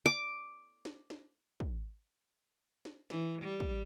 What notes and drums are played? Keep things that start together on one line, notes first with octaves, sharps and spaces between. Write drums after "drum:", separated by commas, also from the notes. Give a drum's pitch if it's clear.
D6
drum: snare
drum: snare
drum: kick
drum: snare
E3, drum: snare
G3
drum: kick